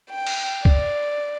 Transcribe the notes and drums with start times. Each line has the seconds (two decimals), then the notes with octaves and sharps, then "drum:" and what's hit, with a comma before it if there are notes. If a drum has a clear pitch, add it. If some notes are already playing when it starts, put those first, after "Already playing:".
0.10 G5
0.27 drum: cymbal
0.65 D5, drum: kick